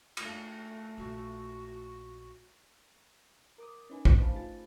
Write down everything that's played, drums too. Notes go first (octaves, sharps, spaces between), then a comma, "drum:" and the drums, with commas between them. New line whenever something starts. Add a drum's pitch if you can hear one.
A3, drum: cymbal
A#1 F#4
A#4 D6 D#6
C#4 D#4 B4 G#5
A3 D4, drum: kick
C5 F5 A5 B5
G1 D#4 F4 G#4 A6